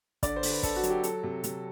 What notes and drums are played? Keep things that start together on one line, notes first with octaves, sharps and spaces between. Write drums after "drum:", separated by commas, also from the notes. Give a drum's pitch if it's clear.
D3 D5, drum: kick, hi-hat
C5
D3, drum: open hi-hat
B4
D3 A4, drum: kick, hi-hat
F#4
F#3, drum: hi-hat
G4
F#3 A4, drum: hi-hat
C3
C3, drum: hi-hat